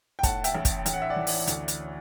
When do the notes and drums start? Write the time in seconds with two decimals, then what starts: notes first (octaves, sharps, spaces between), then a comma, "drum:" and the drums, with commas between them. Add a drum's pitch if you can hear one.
0.19 G5
0.23 A2 F#5 A5, drum: kick, hi-hat
0.44 E5 G5, drum: hi-hat
0.55 A1
0.65 drum: kick, hi-hat
0.86 A1 G5, drum: hi-hat
0.93 F#5
1.02 E5
1.10 D5 F#5
1.16 E3
1.27 drum: open hi-hat
1.47 D2, drum: hi-hat
1.68 drum: hi-hat